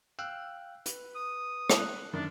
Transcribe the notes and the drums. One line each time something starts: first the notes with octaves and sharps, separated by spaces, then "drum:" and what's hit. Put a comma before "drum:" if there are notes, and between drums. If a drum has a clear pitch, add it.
F5 G5 E6 F#6
B4, drum: hi-hat
D#6
drum: rim click
F#6
F#2 D3 D#3 D4